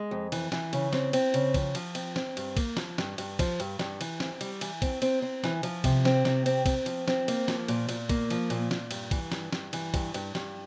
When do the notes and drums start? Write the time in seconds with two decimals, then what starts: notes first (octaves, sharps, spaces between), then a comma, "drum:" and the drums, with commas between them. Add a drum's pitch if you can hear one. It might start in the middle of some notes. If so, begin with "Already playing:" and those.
Already playing: G#3
0.11 F2
0.32 E3, drum: cymbal
0.52 E3, drum: snare
0.73 C#3, drum: cymbal
0.93 C4, drum: snare
1.13 C4, drum: cymbal
1.34 C#3, drum: cymbal
1.54 F3, drum: kick, cymbal
1.75 F3, drum: cymbal
1.95 C4, drum: cymbal
2.16 C4, drum: snare
2.37 G2, drum: cymbal
2.57 A#3, drum: kick, cymbal
2.77 F3, drum: snare
2.98 G2, drum: snare
3.18 G2, drum: cymbal
3.39 F3, drum: kick, cymbal
3.60 G2, drum: cymbal
3.79 G2, drum: snare
4.01 E3, drum: cymbal
4.20 C4, drum: snare
4.41 G3, drum: cymbal
4.61 E3, drum: cymbal
4.82 C4, drum: kick, cymbal
5.02 C4, drum: cymbal
5.22 C4
5.44 E3, drum: snare
5.63 F3, drum: cymbal
5.84 C3, drum: kick, cymbal
6.05 C4, drum: snare
6.25 C3, drum: snare
6.46 C4, drum: cymbal
6.66 C4, drum: kick, cymbal
6.86 F3, drum: cymbal
7.08 C4, drum: snare
7.28 A#3, drum: cymbal
7.48 F3, drum: snare
7.68 A#2, drum: cymbal
7.89 A#2, drum: cymbal
8.09 A#3, drum: kick, cymbal
8.30 F3, drum: cymbal
8.50 A#2, drum: cymbal
8.71 A#2, drum: snare
8.91 G2, drum: cymbal
9.11 E3, drum: kick, cymbal
9.32 G2, drum: snare
9.53 G2, drum: snare
9.73 E3, drum: cymbal
9.94 G2, drum: kick, cymbal
10.14 G2, drum: cymbal
10.35 G2, drum: snare